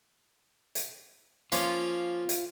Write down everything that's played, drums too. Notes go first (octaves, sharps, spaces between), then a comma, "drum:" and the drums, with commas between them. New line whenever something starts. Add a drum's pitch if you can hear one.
drum: hi-hat
F3 A#3 C#4 F4, drum: hi-hat
drum: hi-hat